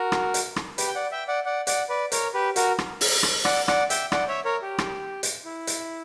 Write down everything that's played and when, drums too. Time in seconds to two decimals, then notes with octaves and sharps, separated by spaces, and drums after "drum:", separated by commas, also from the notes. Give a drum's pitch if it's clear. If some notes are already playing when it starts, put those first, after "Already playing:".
Already playing: F#4 A#4
0.12 drum: rim click
0.34 drum: hi-hat
0.56 drum: rim click
0.78 G4 B4, drum: hi-hat
0.88 G5
0.95 D5 F#5
1.11 E5 G5
1.28 D5 F#5
1.45 D5 F#5
1.67 D5 F#5, drum: hi-hat
1.89 B4 D5
2.12 A#4 C#5, drum: hi-hat
2.34 G4 B4
2.56 F#4 A#4, drum: hi-hat
2.78 drum: rim click
3.01 drum: open hi-hat
3.23 drum: rim click
3.45 D5 F#5, drum: rim click
3.68 D5 F#5, drum: rim click
3.90 E5 G5, drum: hi-hat
4.12 D5 F#5, drum: rim click
4.28 C#5 E5
4.45 A#4 C#5
4.62 G4
4.78 drum: rim click
5.23 drum: hi-hat
5.45 E4
5.67 drum: hi-hat